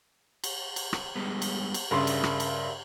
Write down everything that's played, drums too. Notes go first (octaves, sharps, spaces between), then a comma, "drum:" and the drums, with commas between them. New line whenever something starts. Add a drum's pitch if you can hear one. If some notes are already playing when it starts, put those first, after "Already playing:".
drum: cymbal
drum: cymbal
drum: rim click
G3 G#3 B3
drum: cymbal
drum: cymbal
G2 C#3 A#4 D5 E5 C6
drum: cymbal
drum: rim click
drum: cymbal